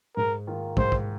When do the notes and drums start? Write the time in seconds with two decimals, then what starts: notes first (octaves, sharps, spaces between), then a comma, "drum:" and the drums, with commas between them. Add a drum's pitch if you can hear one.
0.16 G#2 A#4
0.47 D#3 A#3 F4
0.77 G#2 C5, drum: kick
0.92 drum: kick